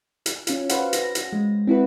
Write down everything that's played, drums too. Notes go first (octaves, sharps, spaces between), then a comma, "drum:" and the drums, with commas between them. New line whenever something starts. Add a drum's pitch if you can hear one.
drum: hi-hat
C#4 F4, drum: hi-hat
F#4 B4 C5 F5 F#5, drum: hi-hat
A#6, drum: hi-hat
drum: hi-hat
G#3
C4 E4 F#4 B4